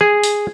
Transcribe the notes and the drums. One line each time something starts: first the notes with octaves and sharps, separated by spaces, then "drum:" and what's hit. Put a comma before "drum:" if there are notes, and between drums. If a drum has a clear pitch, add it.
G#4
drum: open hi-hat